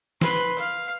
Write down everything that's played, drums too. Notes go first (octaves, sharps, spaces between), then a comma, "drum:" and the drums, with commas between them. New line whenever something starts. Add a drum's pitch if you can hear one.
B4 C6, drum: snare
F5